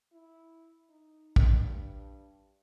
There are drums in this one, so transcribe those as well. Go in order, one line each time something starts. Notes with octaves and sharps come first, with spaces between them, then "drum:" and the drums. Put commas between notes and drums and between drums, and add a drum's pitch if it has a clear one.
E4
D#4
drum: kick
G2